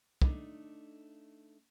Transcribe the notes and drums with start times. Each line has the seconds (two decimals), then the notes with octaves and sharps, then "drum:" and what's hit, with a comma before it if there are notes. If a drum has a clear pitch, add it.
0.22 A3 D4 D#4, drum: kick